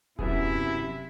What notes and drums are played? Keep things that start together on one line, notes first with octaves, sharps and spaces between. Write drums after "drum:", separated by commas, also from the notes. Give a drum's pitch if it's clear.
F#2 C3 B3 E4 G#4 E5, drum: kick D#1